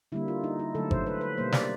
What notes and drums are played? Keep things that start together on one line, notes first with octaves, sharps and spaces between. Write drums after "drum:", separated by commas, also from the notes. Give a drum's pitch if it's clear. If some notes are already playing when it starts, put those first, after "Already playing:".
D3 G3 A#3 E4
F4
D#4
E4
D3 F#3 A3 A4
C5, drum: kick G#1
B4
B4
B2 G3 A#3 C5
D5, drum: snare